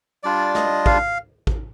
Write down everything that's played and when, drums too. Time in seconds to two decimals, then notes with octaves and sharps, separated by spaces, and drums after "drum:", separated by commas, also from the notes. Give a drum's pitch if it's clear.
0.23 G3 D4 F4 D5
0.55 D#5, drum: snare
0.86 F5, drum: kick
1.47 drum: kick